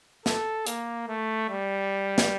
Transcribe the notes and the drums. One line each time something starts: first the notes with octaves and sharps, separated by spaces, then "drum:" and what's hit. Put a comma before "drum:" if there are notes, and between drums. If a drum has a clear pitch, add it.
A4, drum: snare
A#3, drum: hi-hat
A3
G3
drum: snare